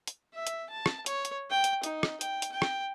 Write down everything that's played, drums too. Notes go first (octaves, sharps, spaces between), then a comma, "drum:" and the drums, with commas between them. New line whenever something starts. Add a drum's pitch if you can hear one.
drum: hi-hat
E5
drum: hi-hat
A5
drum: rim click
C#5, drum: hi-hat
drum: hi-hat
G5
drum: hi-hat
D#4, drum: hi-hat
drum: rim click
G5, drum: hi-hat
drum: hi-hat
G5
drum: rim click